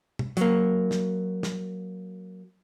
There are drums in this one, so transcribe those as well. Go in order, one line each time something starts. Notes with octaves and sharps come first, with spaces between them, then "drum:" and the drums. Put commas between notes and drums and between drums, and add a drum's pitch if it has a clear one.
drum: tom B2
F#3 A#3, drum: hi-hat
drum: snare
drum: snare